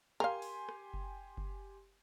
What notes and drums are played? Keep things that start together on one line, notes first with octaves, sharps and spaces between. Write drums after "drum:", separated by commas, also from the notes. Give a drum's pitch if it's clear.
G4 A#4 F5 G#5 C6
drum: open hi-hat
drum: rim click
drum: kick F#1
drum: kick F#1